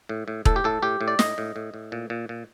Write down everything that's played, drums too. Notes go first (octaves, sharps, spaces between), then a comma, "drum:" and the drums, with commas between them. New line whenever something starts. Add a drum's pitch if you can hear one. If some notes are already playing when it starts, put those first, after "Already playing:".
A2
A2
A2 A4, drum: kick E1
G4
A2 A4
A2 G4
A2
D5
A2 D#5, drum: snare
A2
A2
A2
A#2
A#2
A#2